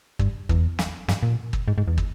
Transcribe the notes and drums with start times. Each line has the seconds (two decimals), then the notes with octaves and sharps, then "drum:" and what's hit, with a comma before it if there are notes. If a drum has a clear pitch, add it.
0.19 G2, drum: kick
0.49 E2, drum: kick
0.79 drum: snare
1.08 G2, drum: snare
1.23 A#2
1.53 drum: kick
1.68 G#2
1.78 G#2
1.88 E2
1.98 drum: kick